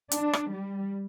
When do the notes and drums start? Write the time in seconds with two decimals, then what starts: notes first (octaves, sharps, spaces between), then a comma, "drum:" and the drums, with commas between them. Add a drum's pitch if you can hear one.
0.11 D4, drum: hi-hat
0.33 drum: rim click
0.51 G3